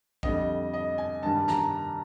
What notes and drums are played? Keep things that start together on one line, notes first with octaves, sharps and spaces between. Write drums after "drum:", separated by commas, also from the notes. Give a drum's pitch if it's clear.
F2 D3 G3 D#5, drum: kick A#1
D#5
G#5
G2 D#3 G3 A5
A#5, drum: snare